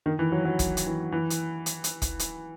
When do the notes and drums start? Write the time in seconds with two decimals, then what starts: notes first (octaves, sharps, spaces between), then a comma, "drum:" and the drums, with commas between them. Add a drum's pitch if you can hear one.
0.06 D#3
0.19 E3
0.32 F#3
0.45 F#3
0.59 drum: kick, hi-hat
0.77 drum: hi-hat
0.86 E3
1.12 E3
1.30 drum: hi-hat
1.66 drum: hi-hat
1.84 drum: hi-hat
2.02 drum: kick, hi-hat
2.19 drum: hi-hat